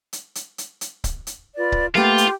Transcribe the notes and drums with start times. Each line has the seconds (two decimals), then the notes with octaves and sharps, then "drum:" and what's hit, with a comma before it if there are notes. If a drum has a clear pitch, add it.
0.13 drum: hi-hat
0.35 drum: hi-hat
0.58 drum: hi-hat
0.81 drum: hi-hat
1.04 drum: kick C#1, hi-hat
1.27 drum: hi-hat
1.56 F4 B4 D5
1.72 drum: kick C#1
1.95 A3 A#3 F4 G4 A4 B4 F5 F#5, drum: snare
2.18 drum: hi-hat